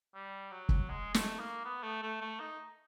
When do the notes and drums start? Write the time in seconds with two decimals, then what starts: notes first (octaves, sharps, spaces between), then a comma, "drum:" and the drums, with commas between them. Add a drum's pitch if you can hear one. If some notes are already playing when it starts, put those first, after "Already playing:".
0.14 G3
0.52 F#3
0.69 drum: kick
0.89 G#3
1.14 A3, drum: snare
1.40 A#3
1.65 B3
1.83 A3
2.02 A3
2.21 A3
2.40 D#4